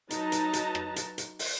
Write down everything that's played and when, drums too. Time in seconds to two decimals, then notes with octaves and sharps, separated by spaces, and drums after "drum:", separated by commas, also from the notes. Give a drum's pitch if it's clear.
0.10 F#3 D#4 B4 A5 A#5, drum: hi-hat
0.32 drum: hi-hat
0.53 drum: hi-hat
0.75 drum: rim click
0.96 drum: hi-hat
1.18 drum: hi-hat
1.39 drum: open hi-hat